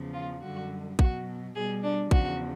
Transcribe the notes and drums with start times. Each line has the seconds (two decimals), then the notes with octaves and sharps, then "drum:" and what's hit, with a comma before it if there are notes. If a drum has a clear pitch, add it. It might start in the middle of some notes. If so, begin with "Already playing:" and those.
Already playing: E2 C#3 F3
0.13 F4
0.41 F#2 D3 G3 F#4
0.99 B2 F#3 F#4, drum: kick A#1
1.55 B2 G3 G#4
1.83 D4
2.11 E2 C#3 F3 F#4, drum: kick A#1